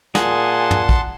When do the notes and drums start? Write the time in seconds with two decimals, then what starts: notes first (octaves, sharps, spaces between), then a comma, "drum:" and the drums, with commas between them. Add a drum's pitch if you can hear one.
0.15 A#2 G#4 F#5 A5 C6, drum: snare
0.71 drum: tom
0.89 drum: kick